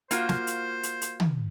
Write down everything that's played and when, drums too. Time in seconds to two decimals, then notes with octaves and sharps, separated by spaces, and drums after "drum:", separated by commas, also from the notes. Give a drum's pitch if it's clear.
0.11 A#3 F4 F#4 C5, drum: hi-hat
0.29 drum: snare
0.47 drum: hi-hat
0.83 drum: hi-hat
1.02 drum: hi-hat
1.20 drum: tom